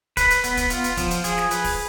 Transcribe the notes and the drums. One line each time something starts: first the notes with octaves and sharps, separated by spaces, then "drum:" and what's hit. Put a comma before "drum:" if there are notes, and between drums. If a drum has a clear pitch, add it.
B4, drum: kick, hi-hat
drum: hi-hat
B3, drum: hi-hat
drum: kick, hi-hat
F4, drum: hi-hat
drum: hi-hat
F3, drum: kick, hi-hat
drum: hi-hat
G#4, drum: hi-hat
drum: snare
B4, drum: hi-hat
drum: kick, open hi-hat